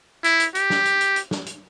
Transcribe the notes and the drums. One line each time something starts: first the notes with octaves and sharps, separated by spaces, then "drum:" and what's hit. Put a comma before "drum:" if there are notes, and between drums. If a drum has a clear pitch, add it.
E4, drum: hi-hat
drum: hi-hat
G4, drum: hi-hat
drum: snare
drum: hi-hat
drum: hi-hat
drum: hi-hat
drum: snare
drum: hi-hat